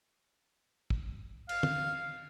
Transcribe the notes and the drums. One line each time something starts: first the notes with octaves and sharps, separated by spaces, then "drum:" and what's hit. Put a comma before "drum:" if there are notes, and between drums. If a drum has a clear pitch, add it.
drum: kick
F5, drum: cymbal
drum: tom